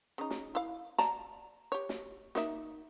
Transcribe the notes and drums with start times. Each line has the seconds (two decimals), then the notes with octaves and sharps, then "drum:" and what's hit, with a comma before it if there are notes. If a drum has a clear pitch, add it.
0.18 C#3 D#4
0.30 drum: snare
0.55 E4 F5
0.98 D5 A5 A#5, drum: snare
1.72 G4 C#5
1.89 drum: snare
2.35 A#3 D#4 E5, drum: snare